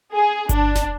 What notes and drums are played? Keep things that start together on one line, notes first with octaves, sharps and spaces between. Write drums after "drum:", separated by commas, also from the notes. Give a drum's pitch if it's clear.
G#4
D4, drum: kick G1, hi-hat
drum: snare